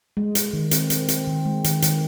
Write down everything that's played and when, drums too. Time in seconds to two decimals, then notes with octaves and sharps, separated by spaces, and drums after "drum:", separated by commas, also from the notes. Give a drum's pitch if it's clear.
0.17 G#3
0.35 G#3, drum: hi-hat
0.53 D#3
0.71 C4, drum: hi-hat
0.90 C4, drum: hi-hat
1.08 C4, drum: hi-hat
1.27 D#3
1.46 G#3
1.64 D#3, drum: hi-hat
1.82 D#3, drum: hi-hat